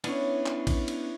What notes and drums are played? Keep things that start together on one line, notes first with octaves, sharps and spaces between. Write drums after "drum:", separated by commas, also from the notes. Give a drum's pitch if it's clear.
B3 C#4 D4 E4 C#5, drum: cymbal
drum: clap
drum: kick A1, cymbal
drum: cymbal